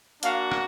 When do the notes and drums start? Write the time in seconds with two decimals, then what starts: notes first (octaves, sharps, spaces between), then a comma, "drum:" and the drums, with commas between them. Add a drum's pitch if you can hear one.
0.23 A#3 D4 F#4 F5, drum: hi-hat
0.52 drum: rim click